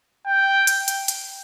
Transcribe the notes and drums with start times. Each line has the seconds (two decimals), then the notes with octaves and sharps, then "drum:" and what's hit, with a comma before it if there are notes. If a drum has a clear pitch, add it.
0.27 G5
0.67 drum: hi-hat
0.88 drum: hi-hat
1.08 drum: hi-hat